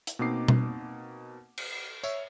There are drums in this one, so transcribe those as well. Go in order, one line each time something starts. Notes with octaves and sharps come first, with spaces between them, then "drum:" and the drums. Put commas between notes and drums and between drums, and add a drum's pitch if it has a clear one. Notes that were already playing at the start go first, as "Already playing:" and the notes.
drum: hi-hat
B2 A#3 C4 D#4 D6 C7
drum: tom B2
drum: cymbal
C#5 E5, drum: tambourine